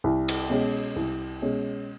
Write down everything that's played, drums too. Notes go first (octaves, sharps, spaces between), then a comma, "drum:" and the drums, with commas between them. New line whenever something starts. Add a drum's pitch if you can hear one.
C2
drum: cymbal
B2 G#3 C#4
C2
B2 G#3 C#4